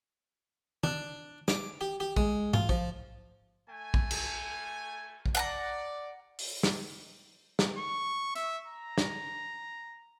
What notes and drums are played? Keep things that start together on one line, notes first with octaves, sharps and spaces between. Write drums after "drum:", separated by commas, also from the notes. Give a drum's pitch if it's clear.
D4, drum: tom
D6, drum: snare
G4
G4
G#3, drum: kick
F4, drum: tom G#2
F3, drum: kick
A3 G#5
drum: kick
drum: cymbal
drum: kick
D5 F#5 A5 A#5
drum: open hi-hat
drum: snare
drum: snare
C#6
E5, drum: hi-hat
A#5
drum: snare